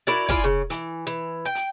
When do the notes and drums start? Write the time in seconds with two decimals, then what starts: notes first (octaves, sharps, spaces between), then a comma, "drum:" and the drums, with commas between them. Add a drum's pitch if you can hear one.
0.07 E4 F#4 A#4 D5
0.29 E4 F4 D5 G#5, drum: kick, hi-hat
0.44 C#3
0.70 E3, drum: hi-hat
1.07 E3
1.45 G5
1.55 drum: hi-hat